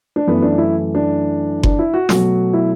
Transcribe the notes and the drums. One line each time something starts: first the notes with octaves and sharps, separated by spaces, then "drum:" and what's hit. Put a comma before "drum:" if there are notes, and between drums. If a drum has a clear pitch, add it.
D4
F#2 E3 A3 B3
D4
E4
D4
D4, drum: kick F#1
E4
F#4
B2 F#3 A3 F#4, drum: snare
E4